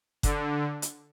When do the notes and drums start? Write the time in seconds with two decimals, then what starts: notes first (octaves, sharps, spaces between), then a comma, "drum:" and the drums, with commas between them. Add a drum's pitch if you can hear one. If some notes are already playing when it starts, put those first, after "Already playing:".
0.23 D3, drum: kick F#1, hi-hat
0.82 drum: hi-hat